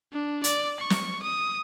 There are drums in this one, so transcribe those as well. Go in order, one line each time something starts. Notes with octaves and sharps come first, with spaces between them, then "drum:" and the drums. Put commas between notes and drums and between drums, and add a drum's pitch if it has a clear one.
D4
D5, drum: hi-hat
C#6
drum: snare
D#6